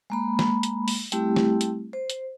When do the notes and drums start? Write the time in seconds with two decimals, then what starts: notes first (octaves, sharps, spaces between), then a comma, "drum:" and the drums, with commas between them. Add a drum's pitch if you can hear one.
0.10 G#3 A#3 B5
0.39 drum: snare
0.63 drum: hi-hat
0.88 drum: open hi-hat
1.12 G3 A3 C4 E4 G4, drum: hi-hat
1.36 drum: snare
1.61 drum: hi-hat
1.93 C5
2.10 drum: hi-hat